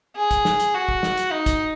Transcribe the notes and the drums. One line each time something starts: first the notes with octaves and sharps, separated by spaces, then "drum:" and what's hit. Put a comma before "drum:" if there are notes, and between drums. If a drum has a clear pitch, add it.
G#4
drum: kick, hi-hat
drum: snare
drum: hi-hat
F#4
drum: kick
drum: snare
drum: hi-hat
D#4
drum: kick, hi-hat